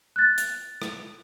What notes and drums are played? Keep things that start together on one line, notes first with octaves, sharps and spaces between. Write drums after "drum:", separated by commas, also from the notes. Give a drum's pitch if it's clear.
F#6 A6
drum: hi-hat
drum: rim click